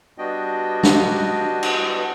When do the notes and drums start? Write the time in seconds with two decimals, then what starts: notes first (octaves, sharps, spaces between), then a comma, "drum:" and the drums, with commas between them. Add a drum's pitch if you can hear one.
0.18 G3 B3 D4 F#4 D#5 G5
0.83 drum: snare
1.63 drum: cymbal